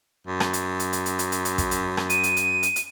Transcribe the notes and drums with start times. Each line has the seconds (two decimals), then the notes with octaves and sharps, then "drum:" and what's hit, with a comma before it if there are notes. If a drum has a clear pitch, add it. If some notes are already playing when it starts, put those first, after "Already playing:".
0.27 F#2
0.40 drum: rim click
0.53 drum: hi-hat
0.80 drum: hi-hat
0.93 drum: hi-hat
1.06 drum: hi-hat
1.19 drum: hi-hat
1.32 drum: hi-hat
1.45 drum: hi-hat
1.58 drum: kick, hi-hat
1.71 drum: hi-hat
1.97 drum: rim click
2.10 D#7, drum: hi-hat
2.23 drum: hi-hat
2.37 drum: hi-hat
2.63 drum: hi-hat
2.76 drum: hi-hat